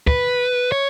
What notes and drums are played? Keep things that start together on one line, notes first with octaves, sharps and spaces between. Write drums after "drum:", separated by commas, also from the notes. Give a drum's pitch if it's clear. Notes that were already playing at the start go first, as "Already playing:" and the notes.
B4, drum: kick
C#5